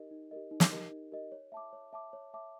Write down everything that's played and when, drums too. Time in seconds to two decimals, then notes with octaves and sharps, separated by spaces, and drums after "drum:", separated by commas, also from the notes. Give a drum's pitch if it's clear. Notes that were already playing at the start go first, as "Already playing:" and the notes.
Already playing: D#4 G4 A#4 D#5
0.11 D#4
0.31 G4 A#4 D#5
0.51 D#4
0.60 drum: snare
0.72 G4 A#4 D#5
0.91 D#4
1.12 G4 A#4 D#5
1.32 C#5
1.52 E5 A5 D6
1.73 C#5
1.93 E5 A5 D6
2.13 C#5
2.34 E5 A5 D6